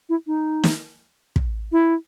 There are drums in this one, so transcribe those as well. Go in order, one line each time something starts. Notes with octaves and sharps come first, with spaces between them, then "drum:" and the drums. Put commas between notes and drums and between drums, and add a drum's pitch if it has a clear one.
E4
D#4
drum: snare
drum: kick
E4